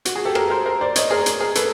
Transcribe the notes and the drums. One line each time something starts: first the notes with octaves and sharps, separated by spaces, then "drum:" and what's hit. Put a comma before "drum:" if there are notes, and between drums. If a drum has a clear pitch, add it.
F#4, drum: hi-hat
F#4 G#4
G4 A4
G#4 A#4, drum: rim click
A#4 C5
A#4 C5
C5 D5
C#5 D#5, drum: hi-hat
G#4 A#4
drum: hi-hat
G#4 A#4
A4 B4, drum: hi-hat